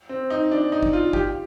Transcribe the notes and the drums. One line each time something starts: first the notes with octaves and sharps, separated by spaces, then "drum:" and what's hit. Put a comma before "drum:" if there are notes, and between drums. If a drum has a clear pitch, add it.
C4
D#4
D4
D#4
drum: kick G1
F4
G4, drum: kick G1